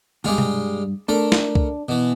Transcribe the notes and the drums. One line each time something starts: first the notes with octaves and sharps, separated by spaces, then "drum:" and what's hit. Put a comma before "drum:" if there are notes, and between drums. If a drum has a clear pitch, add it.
D2 G2 G3 G#3 F4
drum: tom B2
A3 D4 A#4
drum: snare
drum: kick C2
B2 E3